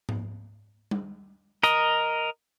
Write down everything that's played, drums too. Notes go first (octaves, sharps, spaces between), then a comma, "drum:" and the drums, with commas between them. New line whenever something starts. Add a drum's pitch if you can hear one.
drum: tom G#2
drum: tom G3
A#4 D#5, drum: hi-hat